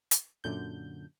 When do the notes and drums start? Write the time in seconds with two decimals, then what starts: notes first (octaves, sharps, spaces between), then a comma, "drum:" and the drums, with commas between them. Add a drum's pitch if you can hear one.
0.11 drum: hi-hat
0.44 F#2 A#2 D3 G6